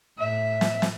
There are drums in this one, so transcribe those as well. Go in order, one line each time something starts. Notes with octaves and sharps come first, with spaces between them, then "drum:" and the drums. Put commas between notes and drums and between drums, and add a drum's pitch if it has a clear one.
A2 E5
drum: snare
drum: snare